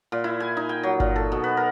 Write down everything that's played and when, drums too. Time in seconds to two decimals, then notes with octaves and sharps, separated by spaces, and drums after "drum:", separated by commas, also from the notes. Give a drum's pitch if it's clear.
0.12 A#2
0.24 E4
0.40 G#5
0.57 D#4
0.69 G5
0.83 F#3
1.00 A#2, drum: kick G1
1.16 A4
1.32 B2
1.44 B4
1.57 A#4